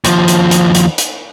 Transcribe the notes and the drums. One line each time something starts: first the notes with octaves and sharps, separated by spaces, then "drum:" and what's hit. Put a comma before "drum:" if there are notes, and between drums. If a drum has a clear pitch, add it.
D#2 F3, drum: hi-hat
drum: hi-hat
drum: hi-hat
drum: hi-hat
drum: hi-hat